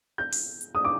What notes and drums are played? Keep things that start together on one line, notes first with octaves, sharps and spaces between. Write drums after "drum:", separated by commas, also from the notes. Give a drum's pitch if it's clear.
G6
drum: open hi-hat
drum: hi-hat
D#6
D6